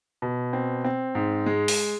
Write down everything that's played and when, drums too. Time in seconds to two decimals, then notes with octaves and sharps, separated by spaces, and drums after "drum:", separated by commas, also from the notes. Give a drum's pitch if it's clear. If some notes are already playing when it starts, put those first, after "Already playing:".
0.22 B2
0.53 C4
0.84 C4
1.15 G#2
1.46 G#3
1.68 drum: open hi-hat